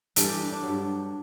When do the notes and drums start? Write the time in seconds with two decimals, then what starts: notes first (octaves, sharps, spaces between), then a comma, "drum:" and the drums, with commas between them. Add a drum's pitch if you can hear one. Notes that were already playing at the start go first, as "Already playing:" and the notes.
0.16 G2 E3 G3 A4, drum: hi-hat
0.29 G4
0.40 D4
0.52 D4
0.63 G2 F#3